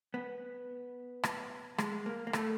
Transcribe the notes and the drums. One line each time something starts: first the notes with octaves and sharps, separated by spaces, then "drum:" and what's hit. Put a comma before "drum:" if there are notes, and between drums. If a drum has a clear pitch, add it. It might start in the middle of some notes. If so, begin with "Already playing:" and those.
B3
drum: rim click
G#3, drum: rim click
A#3
A#3
A3, drum: rim click